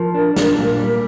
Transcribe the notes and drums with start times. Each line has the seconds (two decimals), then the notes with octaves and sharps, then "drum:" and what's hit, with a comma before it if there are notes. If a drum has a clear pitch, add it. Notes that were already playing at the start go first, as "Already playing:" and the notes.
Already playing: F3 A#4
0.14 D4
0.37 D4, drum: snare
0.57 A#2
0.80 G3